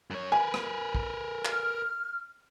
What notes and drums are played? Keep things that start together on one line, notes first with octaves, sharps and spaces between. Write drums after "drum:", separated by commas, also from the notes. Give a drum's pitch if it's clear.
F#2 C#5
A#4 B4 G#5
drum: rim click
drum: kick
F6, drum: clap